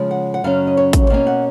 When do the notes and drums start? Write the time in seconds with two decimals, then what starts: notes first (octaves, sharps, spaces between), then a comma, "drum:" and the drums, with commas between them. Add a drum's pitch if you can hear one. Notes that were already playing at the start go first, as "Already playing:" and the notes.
Already playing: C#3 F3 G#3
0.11 F#5
0.34 F#5
0.44 F#2 C#3 F#3 C#4 F5
0.67 D#5
0.77 C#5
0.93 drum: kick, hi-hat
1.10 B2 A#3 C#4 F5
1.27 F#5